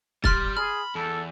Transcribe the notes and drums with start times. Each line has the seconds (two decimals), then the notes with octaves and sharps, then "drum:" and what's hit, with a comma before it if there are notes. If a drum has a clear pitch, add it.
0.24 G3 C6 F6 A6, drum: kick
0.57 G#4 B5 F6
0.95 E2 A4